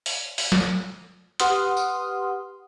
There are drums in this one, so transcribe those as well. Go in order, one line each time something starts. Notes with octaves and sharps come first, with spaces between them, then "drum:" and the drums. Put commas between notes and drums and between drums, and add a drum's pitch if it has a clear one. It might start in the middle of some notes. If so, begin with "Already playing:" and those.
drum: open hi-hat
drum: open hi-hat
drum: snare
G4 B4 F#5 C6 D#6 F6, drum: hi-hat
drum: tambourine